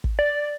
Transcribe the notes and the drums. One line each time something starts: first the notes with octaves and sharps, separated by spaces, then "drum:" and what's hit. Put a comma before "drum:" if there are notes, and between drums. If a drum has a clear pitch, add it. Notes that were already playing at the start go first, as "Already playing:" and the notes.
drum: kick
D5